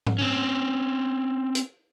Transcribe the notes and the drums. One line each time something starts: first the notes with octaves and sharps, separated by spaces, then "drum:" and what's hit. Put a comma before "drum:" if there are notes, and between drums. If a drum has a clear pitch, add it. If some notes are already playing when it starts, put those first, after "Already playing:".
drum: tom G#2
C4 C#4
drum: hi-hat